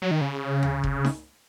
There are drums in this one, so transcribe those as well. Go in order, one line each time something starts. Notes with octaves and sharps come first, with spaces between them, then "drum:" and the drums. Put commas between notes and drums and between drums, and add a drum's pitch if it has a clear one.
F#3
D#3
C#3
drum: tom D2
drum: kick F1
drum: snare D#4